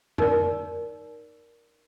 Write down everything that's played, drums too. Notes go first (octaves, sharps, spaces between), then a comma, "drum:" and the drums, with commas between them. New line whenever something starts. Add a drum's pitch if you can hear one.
D#4 A#4 D5, drum: tom F2